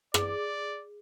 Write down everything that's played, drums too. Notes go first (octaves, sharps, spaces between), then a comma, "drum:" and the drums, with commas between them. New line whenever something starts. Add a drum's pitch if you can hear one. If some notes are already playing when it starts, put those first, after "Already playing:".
G#4 D5, drum: rim click